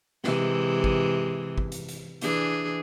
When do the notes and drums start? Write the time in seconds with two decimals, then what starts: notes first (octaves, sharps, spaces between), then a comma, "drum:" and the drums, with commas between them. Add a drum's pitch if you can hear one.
0.24 C3 E3 G#3, drum: snare
0.84 drum: kick
1.58 drum: kick
1.72 drum: hi-hat
1.88 drum: hi-hat
2.21 E3 D4 G#4, drum: hi-hat